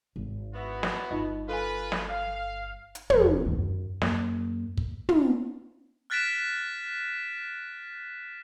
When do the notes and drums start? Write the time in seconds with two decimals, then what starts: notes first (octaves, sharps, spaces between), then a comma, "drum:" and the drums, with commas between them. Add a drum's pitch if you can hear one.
0.16 G#1
0.54 B3 E4 F#4
0.83 drum: snare
1.11 G1 D#4 F4 D#5
1.49 F4 A4 B4 G#5
1.92 drum: snare
2.09 F5
2.95 drum: hi-hat
3.10 E1 F2, drum: tom
3.44 D1 A1 G#2 D#3
3.58 F#2
4.02 F#2 A#3, drum: snare
4.77 drum: kick
5.09 drum: tom
6.10 F6 F#6 A6 B6 D7 E7